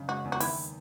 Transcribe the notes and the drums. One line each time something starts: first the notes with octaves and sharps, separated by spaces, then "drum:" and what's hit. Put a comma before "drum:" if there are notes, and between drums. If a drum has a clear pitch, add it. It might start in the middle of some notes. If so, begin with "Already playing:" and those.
Already playing: F#1 C#3
G#3 F#4
E2
F#4
D#3 E4, drum: open hi-hat